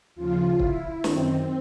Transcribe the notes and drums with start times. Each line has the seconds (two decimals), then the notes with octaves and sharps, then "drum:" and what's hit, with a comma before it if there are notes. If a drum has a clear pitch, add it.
0.15 D#2 C#3 F3 F4
0.60 E4, drum: kick C#1
1.04 F#2 D#3 C4, drum: snare